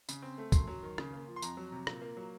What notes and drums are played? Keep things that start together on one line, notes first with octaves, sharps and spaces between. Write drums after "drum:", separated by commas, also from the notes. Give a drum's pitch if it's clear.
C#3, drum: tambourine
C4
A3
F#2 C6, drum: kick, tambourine
F#3
D#3
C#3, drum: rim click
A#3
F3
C6
F2 A#5, drum: tambourine
F#3
C3
A#2, drum: rim click
A#3
F#3